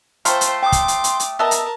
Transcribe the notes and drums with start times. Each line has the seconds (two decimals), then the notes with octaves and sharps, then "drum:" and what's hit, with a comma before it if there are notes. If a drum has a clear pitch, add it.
0.25 A3 F4 A#4 C5 G5 C6, drum: hi-hat
0.41 drum: hi-hat
0.63 G5 D6 D#6
0.72 drum: kick, hi-hat
0.88 drum: hi-hat
1.04 drum: hi-hat
1.20 drum: hi-hat
1.39 B3 A4 A#4 D#5 E5 A5
1.51 drum: hi-hat